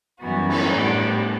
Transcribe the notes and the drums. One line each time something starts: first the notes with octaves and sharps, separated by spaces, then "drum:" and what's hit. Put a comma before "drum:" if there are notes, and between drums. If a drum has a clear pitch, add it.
F#2 E3 G3 B3 F#4
drum: cymbal
A2 G3 B3 D4 G4